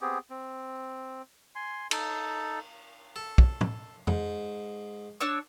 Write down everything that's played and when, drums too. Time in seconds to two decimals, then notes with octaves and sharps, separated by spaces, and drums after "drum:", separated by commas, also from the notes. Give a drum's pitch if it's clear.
0.01 B3 C4 G4 G#4
0.30 C4
1.55 G#5 C6
1.91 D#4 A4, drum: cymbal
3.16 A4
3.38 drum: kick
3.61 drum: tom
4.07 G#2, drum: tom F2
5.20 D4 C#5 E6